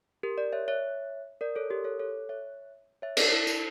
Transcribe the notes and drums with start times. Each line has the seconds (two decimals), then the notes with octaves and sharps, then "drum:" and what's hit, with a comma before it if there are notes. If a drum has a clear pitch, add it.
0.23 G4 A#4
0.38 A#4 D5
0.53 C#5 E5
0.68 C#5 E5
1.41 A#4 D5
1.56 A4 C#5
1.70 G4 A#4
1.84 A4 C#5
2.00 A4 C#5
2.29 C#5 E5
3.02 C#5 E5
3.17 A#4 D5, drum: cymbal
3.32 E4
3.47 E4, drum: tambourine